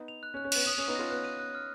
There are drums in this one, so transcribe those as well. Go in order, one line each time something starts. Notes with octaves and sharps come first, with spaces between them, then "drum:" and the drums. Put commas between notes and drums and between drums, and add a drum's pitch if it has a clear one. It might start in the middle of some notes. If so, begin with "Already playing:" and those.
Already playing: B3 D#4
F7
F#6
C#4
F#6
C#4
B3 F#6, drum: cymbal
C#4 D#6
C#4
D#6
B3 D#4
C#4 F4 A#6
B3 F#6
D#7
F#6
F6